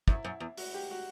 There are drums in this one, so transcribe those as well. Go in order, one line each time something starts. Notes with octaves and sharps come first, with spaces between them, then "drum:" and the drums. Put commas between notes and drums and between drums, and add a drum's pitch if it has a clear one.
F#2 E4, drum: kick
F#2
E2
F#4, drum: open hi-hat
G4
F#4